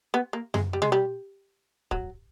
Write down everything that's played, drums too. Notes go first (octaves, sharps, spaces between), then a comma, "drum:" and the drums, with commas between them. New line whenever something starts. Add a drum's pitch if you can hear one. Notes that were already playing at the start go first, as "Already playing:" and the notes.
B3
A#3
G#3, drum: tom F#2
G3
G#3, drum: tom B2
G3
F#3, drum: kick